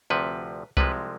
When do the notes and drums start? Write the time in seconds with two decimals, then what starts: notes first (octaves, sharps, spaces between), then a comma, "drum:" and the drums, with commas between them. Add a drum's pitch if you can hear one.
0.10 D2 C3 F3 B4
0.77 C2 C3 F3 G#3 B4, drum: kick C2